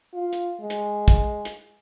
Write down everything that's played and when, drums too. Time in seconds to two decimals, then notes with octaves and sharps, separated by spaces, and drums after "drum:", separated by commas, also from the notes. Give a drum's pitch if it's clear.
0.14 F4
0.33 drum: hi-hat
0.61 G#3
0.70 drum: hi-hat
1.08 drum: kick, hi-hat
1.45 drum: hi-hat